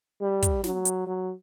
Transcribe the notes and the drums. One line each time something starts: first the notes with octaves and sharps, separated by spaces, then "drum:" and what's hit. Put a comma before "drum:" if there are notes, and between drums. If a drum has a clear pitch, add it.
G3
drum: kick, hi-hat
F#3, drum: snare
drum: hi-hat
F#3